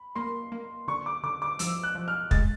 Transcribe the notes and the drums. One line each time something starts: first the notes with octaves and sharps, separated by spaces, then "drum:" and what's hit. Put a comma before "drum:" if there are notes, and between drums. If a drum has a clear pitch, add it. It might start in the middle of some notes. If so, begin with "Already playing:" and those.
Already playing: B5
A#3 C6
A#3
D3 C#6
D6
D3 D6
D6
F3 E6, drum: hi-hat
F#6
F3
F6
G#3 A6, drum: kick